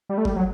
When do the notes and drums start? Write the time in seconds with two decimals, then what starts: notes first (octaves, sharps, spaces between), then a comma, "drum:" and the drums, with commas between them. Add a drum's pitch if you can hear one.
0.09 G3
0.18 A3
0.25 G3, drum: kick F#1
0.36 F#3